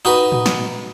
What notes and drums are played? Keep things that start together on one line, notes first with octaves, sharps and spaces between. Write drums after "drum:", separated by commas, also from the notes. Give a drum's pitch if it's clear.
D#4 F#4 B4
drum: tom A2
drum: snare